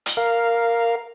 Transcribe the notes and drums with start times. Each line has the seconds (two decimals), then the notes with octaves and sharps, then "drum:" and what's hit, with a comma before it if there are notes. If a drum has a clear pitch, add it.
0.06 drum: hi-hat
0.17 A#4 F5